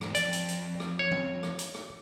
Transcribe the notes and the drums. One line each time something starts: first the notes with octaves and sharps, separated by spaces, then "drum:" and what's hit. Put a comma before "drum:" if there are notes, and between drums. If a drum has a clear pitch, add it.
E2 G#2, drum: rim click
F2 D5, drum: hi-hat
drum: hi-hat
drum: hi-hat
drum: rim click
C#5
drum: tom F3
drum: rim click
drum: hi-hat
drum: rim click